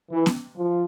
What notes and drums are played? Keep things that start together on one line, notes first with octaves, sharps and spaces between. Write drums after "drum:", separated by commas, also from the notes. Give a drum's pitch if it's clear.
E3
drum: snare B3
F3